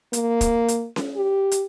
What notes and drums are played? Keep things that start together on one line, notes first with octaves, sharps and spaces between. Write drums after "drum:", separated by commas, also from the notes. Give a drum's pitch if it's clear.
A#3, drum: hi-hat
drum: kick, hi-hat
drum: hi-hat
drum: snare C#4
G4
drum: hi-hat